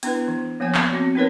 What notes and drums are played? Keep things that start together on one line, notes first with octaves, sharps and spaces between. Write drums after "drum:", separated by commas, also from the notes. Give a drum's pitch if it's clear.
B3 D4 E4 B4, drum: hi-hat
E3
F3 A#3 B3 C#5 G#5
drum: clap
C4 F#4
B3 C4 D#4 A#4 B4 C#5